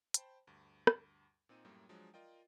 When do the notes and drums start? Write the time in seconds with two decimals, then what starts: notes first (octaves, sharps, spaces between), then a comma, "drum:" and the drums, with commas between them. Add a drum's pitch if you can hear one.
0.14 C5 G5 A5 B5, drum: hi-hat
0.47 D2 G2
0.87 drum: rim click
1.49 A#2 C4 D#4 D#7
1.65 F#2 A2 G3 A#3
1.89 F3 F#3 G#3 D4
2.14 F4 A#4 D5 D#5 G5